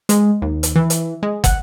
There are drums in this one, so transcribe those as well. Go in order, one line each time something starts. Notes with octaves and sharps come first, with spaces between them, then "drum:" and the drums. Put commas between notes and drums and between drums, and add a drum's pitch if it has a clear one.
G#3, drum: hi-hat
D#2
drum: hi-hat
E3
drum: hi-hat
G#3
F#5, drum: kick, hi-hat